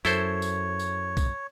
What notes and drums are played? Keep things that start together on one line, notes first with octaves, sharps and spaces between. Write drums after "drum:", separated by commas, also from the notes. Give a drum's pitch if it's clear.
F#2 E4 A4 C5 C#5, drum: tambourine
drum: tambourine
drum: tambourine
drum: kick B1, tambourine